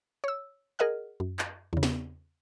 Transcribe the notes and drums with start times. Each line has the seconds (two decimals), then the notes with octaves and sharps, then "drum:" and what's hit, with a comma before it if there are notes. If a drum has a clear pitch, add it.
0.24 C#5 E6
0.79 G#4 A#4 D#5 F#5 F6
1.20 F#2
1.39 drum: clap
1.73 E2 C#3
1.83 drum: snare